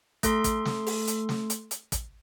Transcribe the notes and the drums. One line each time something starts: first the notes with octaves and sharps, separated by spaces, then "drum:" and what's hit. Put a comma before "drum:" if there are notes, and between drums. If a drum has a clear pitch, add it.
A3 A4 C6, drum: kick, hi-hat
drum: kick, hi-hat
drum: snare
drum: open hi-hat
drum: hi-hat
drum: snare
drum: hi-hat
drum: hi-hat
drum: kick, hi-hat